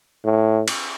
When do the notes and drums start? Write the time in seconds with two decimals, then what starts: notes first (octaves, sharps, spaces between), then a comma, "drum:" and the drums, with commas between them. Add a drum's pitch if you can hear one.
0.25 A2
0.68 drum: cymbal